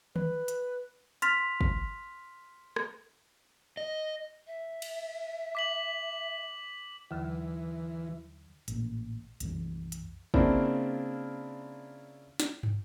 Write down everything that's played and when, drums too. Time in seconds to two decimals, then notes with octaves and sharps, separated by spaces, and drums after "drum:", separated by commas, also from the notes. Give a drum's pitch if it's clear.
0.16 B4, drum: tom D#3
0.48 drum: hi-hat
1.22 C6 F6 A6 B6 F7, drum: hi-hat
1.61 drum: kick
2.76 drum: rim click
3.77 D#5
4.47 E5
4.82 drum: cymbal
5.55 D6 B6 F#7
7.11 D#2 D3 E3 F#3
8.68 A1 A#2, drum: hi-hat
9.40 B1 F#2 E3, drum: hi-hat
9.92 drum: hi-hat
10.34 C#3 A#3 C4 D4 E4 F4, drum: kick
12.40 drum: snare
12.63 drum: tom